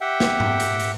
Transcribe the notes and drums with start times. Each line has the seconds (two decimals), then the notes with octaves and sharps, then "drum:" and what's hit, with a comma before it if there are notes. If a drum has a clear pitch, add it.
0.01 G4 E5 F#5 G5
0.20 drum: snare
0.40 drum: tom G#2
0.60 drum: hi-hat
0.79 drum: hi-hat